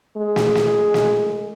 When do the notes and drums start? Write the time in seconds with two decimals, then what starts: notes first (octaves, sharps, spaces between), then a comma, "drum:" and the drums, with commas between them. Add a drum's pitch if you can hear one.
0.17 G#3
0.36 drum: snare
0.55 drum: snare
0.94 drum: snare